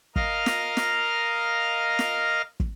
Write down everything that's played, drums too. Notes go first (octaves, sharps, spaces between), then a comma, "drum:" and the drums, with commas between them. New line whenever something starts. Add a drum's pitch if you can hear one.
A#4 D#5 F5 F6, drum: kick
drum: snare
drum: snare
drum: snare
drum: kick